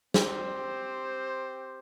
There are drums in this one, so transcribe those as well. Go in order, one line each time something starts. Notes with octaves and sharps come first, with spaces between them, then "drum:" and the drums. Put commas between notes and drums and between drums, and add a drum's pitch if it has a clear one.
C4 G4 C5, drum: snare